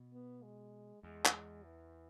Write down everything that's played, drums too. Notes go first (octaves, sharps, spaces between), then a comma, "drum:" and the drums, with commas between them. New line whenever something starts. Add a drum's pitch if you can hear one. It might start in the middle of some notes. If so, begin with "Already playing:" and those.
Already playing: B2
B3
G#3
E2 G#3
drum: clap
E3